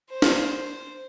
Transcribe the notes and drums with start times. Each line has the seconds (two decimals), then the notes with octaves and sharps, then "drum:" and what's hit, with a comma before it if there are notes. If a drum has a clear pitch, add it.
0.10 C5
0.22 drum: snare